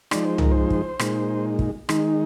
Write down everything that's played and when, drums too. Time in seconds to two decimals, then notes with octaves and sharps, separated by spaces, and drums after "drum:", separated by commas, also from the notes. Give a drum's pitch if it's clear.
0.11 F3 G#3 D#4 D5, drum: rim click
0.25 C5
0.38 A#4, drum: tom
0.51 C5
0.70 drum: kick
0.99 A#2 G#3 D#4, drum: rim click
1.59 drum: kick
1.89 D#3 G#3 D#4, drum: rim click